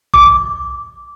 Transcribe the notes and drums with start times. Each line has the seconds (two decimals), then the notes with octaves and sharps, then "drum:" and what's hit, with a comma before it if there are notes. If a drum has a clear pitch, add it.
0.14 D6, drum: kick A#1